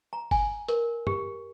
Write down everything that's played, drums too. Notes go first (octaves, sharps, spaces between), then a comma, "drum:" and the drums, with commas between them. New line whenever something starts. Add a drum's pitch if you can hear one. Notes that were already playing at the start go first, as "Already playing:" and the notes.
A#5
G#5, drum: kick F#1, open hi-hat
A#4, drum: hi-hat
G4, drum: tom F#2